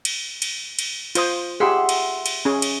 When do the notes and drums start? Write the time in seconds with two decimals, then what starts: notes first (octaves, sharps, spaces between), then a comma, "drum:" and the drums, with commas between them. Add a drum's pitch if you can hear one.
0.05 drum: cymbal
0.42 drum: cymbal
0.79 drum: cymbal
1.15 F4 C5 D#6, drum: cymbal
1.60 G4 G#4 E5 F#5 C6
1.89 drum: cymbal
2.26 drum: cymbal
2.45 C#4 G#4
2.62 drum: cymbal